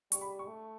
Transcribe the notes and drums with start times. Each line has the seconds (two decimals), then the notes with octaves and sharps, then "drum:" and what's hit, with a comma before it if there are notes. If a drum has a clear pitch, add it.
0.12 G3 C#6, drum: hi-hat
0.21 B5
0.39 C#6
0.47 A3